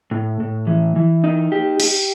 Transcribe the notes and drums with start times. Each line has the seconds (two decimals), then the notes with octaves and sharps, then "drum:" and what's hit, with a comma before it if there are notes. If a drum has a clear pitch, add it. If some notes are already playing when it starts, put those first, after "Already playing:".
0.11 A2
0.40 A2
0.67 E3
0.96 E3
1.24 D#4
1.52 G4
1.80 G4, drum: cymbal